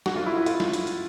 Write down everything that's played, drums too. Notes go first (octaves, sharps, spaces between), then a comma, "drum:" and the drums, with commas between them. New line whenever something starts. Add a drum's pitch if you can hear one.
F#4, drum: snare
F4
E4
E4
F4, drum: hi-hat
drum: snare
drum: hi-hat
drum: hi-hat